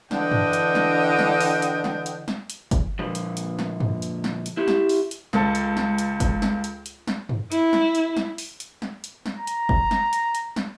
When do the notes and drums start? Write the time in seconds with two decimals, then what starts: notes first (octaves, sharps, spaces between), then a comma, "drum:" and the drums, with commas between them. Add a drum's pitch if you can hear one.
0.11 D3 E3 D4 D#5 G5, drum: snare
0.31 drum: tom
0.53 drum: hi-hat
0.75 drum: snare
1.19 drum: snare
1.41 drum: open hi-hat
1.62 drum: hi-hat
1.84 drum: snare
2.06 drum: hi-hat
2.28 drum: snare
2.50 drum: hi-hat
2.71 drum: kick G1, hi-hat
2.99 A#2 D3 F3
3.15 drum: hi-hat
3.37 drum: hi-hat
3.59 drum: snare
3.80 drum: tom
4.02 drum: hi-hat
4.24 drum: snare
4.46 drum: hi-hat
4.57 E4 G4
4.68 drum: snare
4.89 drum: open hi-hat
5.11 drum: hi-hat
5.33 C#2 A4, drum: snare
5.55 drum: hi-hat
5.77 drum: snare
5.98 drum: hi-hat
6.20 drum: kick G1, hi-hat
6.42 drum: snare
6.64 drum: hi-hat
6.86 drum: hi-hat
7.08 drum: snare
7.29 drum: tom
7.52 E4, drum: hi-hat
7.73 drum: snare
7.95 drum: hi-hat
8.17 drum: snare
8.38 drum: open hi-hat
8.60 drum: hi-hat
8.82 drum: snare
9.04 drum: hi-hat
9.26 drum: snare
9.37 A#5
9.47 drum: hi-hat
9.69 drum: kick G1
9.91 drum: snare
10.13 drum: hi-hat
10.35 drum: hi-hat
10.56 drum: snare